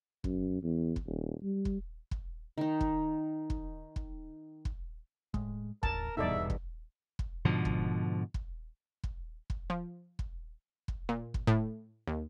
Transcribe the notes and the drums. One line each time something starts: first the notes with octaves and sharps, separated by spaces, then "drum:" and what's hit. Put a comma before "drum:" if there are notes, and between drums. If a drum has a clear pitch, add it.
F#2, drum: kick
E2
drum: kick
D#1
G3
drum: kick
drum: kick
D#3 D#4
drum: kick
drum: kick
drum: kick
drum: kick
A2 G#3, drum: kick
A1 D#2 A#4 A5, drum: kick
D#1 E2 G2 B2 D#4 A4 D5 E5
drum: kick
drum: kick
G#2 B2 D3 F3
drum: kick
drum: kick
drum: kick
drum: kick
F3
drum: kick
drum: kick
A#2
drum: kick
A2
D#2